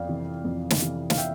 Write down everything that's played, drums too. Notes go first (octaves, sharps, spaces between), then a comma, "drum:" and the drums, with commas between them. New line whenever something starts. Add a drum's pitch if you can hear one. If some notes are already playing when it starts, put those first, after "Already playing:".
Already playing: F2 D5 F5
C3 E3
F2
drum: snare
C3 E3
F5, drum: snare
E5 G5